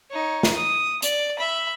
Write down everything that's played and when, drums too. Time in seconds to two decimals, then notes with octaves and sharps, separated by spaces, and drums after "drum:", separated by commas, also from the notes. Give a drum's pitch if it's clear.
0.10 D#4 C#5
0.43 drum: snare
0.55 D#6
1.02 D5, drum: hi-hat
1.39 E5 B5